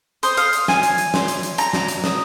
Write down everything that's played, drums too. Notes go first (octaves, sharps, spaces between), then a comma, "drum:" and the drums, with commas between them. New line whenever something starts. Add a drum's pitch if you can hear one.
C5 D#6, drum: hi-hat
F5, drum: hi-hat
drum: hi-hat
G#5, drum: snare
drum: hi-hat
drum: hi-hat
C6, drum: snare
drum: hi-hat
drum: hi-hat
A#5, drum: hi-hat
drum: snare
drum: hi-hat
D#6, drum: snare